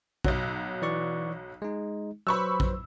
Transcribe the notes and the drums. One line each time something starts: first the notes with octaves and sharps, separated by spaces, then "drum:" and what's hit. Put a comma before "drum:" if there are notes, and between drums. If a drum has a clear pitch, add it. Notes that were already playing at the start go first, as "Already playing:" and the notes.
B1 F#3, drum: kick A#1
E3 D5 C#6
G#3 D#4
F#3 B4 C5 B5 C#6 E6
drum: kick A#1